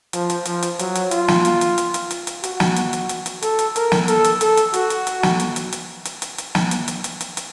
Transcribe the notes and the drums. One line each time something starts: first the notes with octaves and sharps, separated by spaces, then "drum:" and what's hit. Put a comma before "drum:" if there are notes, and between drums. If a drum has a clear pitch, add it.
F3, drum: hi-hat
drum: hi-hat
F3, drum: hi-hat
drum: hi-hat
F#3, drum: hi-hat
drum: hi-hat
F4, drum: hi-hat
drum: snare
drum: hi-hat
drum: hi-hat
drum: hi-hat
drum: hi-hat
drum: hi-hat
drum: hi-hat
F#4, drum: hi-hat
drum: snare
drum: hi-hat
drum: hi-hat
drum: hi-hat
drum: hi-hat
A4, drum: hi-hat
drum: hi-hat
A#4, drum: hi-hat
drum: snare
A4, drum: hi-hat
drum: hi-hat
A4, drum: hi-hat
drum: hi-hat
F#4, drum: hi-hat
drum: hi-hat
drum: hi-hat
drum: snare
drum: hi-hat
drum: hi-hat
drum: hi-hat
drum: hi-hat
drum: hi-hat
drum: hi-hat
drum: snare
drum: hi-hat
drum: hi-hat
drum: hi-hat
drum: hi-hat
drum: hi-hat